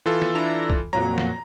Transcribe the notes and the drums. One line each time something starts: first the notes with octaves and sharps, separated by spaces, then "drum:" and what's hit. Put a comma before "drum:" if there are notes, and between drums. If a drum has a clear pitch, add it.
E3 F4 A4
drum: snare
D4 E4 A#5
drum: kick
F2 A#2 F#3 A#5
drum: snare